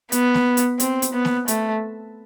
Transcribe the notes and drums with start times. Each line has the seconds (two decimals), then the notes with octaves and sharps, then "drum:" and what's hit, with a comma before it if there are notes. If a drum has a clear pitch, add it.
0.12 B3, drum: hi-hat
0.34 drum: snare
0.57 drum: hi-hat
0.80 C4, drum: hi-hat
1.02 drum: hi-hat
1.13 B3
1.25 drum: snare
1.48 A3, drum: hi-hat